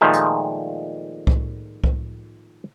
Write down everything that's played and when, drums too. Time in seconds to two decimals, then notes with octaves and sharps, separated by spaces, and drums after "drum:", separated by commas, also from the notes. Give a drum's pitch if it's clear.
0.01 A#2 D#3 F3 G#3 A3
0.13 drum: hi-hat
1.27 drum: kick C2
1.84 drum: kick C2